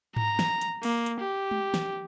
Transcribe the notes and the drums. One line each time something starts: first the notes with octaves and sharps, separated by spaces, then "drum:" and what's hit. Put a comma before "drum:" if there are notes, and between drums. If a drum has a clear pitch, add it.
A#5, drum: tom G#2
drum: snare
drum: hi-hat
A#3, drum: open hi-hat
drum: hi-hat
G4
drum: tom G#3
drum: snare